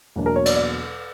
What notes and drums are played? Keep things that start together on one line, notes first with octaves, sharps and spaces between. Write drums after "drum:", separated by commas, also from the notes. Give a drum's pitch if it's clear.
E2 B2 F#3 A#3 D4
A#4
C#5
D5, drum: cymbal
D5